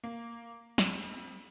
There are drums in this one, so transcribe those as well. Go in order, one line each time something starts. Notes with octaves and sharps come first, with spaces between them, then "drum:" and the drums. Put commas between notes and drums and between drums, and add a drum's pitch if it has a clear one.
A#3
F2, drum: snare